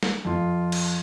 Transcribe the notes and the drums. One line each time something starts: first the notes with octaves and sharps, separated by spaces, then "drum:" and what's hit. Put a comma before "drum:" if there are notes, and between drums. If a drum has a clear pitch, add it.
drum: snare
F2 F4
drum: cymbal